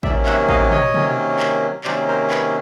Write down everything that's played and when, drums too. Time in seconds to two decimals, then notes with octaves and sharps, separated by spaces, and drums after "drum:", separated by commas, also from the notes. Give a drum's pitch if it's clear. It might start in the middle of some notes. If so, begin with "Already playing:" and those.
0.03 C3 D#3 F#3 A#3 C#4 D5 E5, drum: kick A1
0.26 E5 F#5, drum: clap
0.49 D#5 F5, drum: kick A1
0.71 C#5 D#5, drum: tom
0.94 C3 D#3 F#3 A#3 C#4, drum: tom
1.40 drum: clap
1.84 C3 D#3 F#3 A#3 C#4 C5 D5, drum: clap
2.08 A#4 C5
2.31 B4 C#5, drum: clap